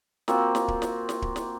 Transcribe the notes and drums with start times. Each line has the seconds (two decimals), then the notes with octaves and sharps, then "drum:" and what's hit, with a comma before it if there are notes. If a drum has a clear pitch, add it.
0.28 A#3 C4 F4 F#4, drum: snare
0.55 drum: snare
0.68 drum: kick D1
0.82 drum: snare
1.09 drum: snare
1.22 drum: kick D1
1.36 drum: snare